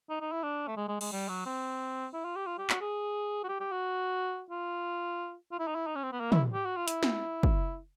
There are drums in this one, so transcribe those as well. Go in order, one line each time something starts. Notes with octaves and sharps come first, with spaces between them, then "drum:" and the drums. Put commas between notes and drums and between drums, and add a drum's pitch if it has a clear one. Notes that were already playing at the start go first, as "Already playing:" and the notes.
D#4
D#4
E4
D4
A3
G#3
G#3
G#3, drum: cymbal
G3
F#3
C4
E4
F4
G4
F4
G4
F#4, drum: clap
G#4
F#4
G4
G4
F#4
F4
F4
E4
D#4
E4
D#4
C#4
C4
B3
A#3
E4, drum: tom
G4
F#4
F4
E4, drum: hi-hat
drum: snare
drum: kick